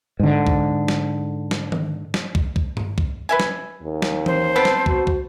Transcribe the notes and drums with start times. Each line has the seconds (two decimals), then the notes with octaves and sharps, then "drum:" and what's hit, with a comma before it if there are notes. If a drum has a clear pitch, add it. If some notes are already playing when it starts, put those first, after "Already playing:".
0.20 G#2 D3
0.47 drum: kick
0.88 drum: snare
1.51 drum: snare
1.72 drum: tom D#3
2.14 drum: snare
2.35 drum: kick
2.56 drum: kick
2.77 drum: tom G2
2.98 drum: kick
3.29 B4 E5 G#5
3.40 drum: snare
3.82 D#2
4.02 drum: snare
4.26 C5, drum: tom E3
4.56 B3 C4 A4
4.65 drum: snare
4.86 F#4, drum: kick
5.07 drum: kick